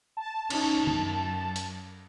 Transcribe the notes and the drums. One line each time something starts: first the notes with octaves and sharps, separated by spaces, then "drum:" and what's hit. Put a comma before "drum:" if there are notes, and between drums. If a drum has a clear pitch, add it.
A5
C#4 D#4, drum: cymbal
F#2, drum: tom D3
drum: hi-hat